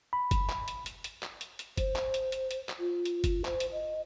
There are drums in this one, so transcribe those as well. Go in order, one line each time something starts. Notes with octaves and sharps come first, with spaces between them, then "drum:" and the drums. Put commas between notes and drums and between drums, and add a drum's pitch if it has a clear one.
B5
drum: kick F#1, hi-hat
drum: clap
drum: hi-hat
drum: hi-hat
drum: hi-hat
drum: clap
drum: hi-hat
drum: hi-hat
C5, drum: kick F#1, hi-hat
drum: clap
drum: hi-hat
drum: hi-hat
drum: hi-hat
drum: clap
F4
drum: hi-hat
drum: kick F#1, hi-hat
C5, drum: clap
drum: hi-hat
D#5